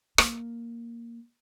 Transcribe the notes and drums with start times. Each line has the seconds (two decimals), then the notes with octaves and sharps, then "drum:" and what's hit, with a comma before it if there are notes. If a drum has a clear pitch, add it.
0.18 A#3, drum: rim click